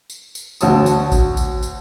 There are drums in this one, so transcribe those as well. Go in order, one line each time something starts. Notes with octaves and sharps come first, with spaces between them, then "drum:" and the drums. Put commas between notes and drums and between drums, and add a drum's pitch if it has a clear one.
drum: tambourine
drum: tambourine
D2 F#4 C#5 A5 D#6, drum: tambourine
drum: tambourine
drum: kick G#1, tambourine
drum: tambourine
drum: tambourine